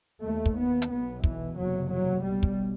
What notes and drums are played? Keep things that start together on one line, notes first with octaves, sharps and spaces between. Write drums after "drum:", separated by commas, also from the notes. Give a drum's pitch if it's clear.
D#2 A3
drum: kick
B3
drum: hi-hat
B1 B2 B3
E3, drum: kick
F#1 E2 C3 F#3
F#3
B1 B2 G3
drum: kick